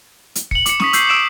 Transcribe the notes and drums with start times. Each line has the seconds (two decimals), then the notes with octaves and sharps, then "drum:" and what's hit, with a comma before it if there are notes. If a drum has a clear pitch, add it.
0.35 drum: hi-hat
0.51 C#7 F#7, drum: kick
0.66 D6 C#7, drum: hi-hat
0.80 C#6 D#6 B6, drum: snare
0.93 E6 G6 C7, drum: hi-hat
1.09 E6 C#7 D7 E7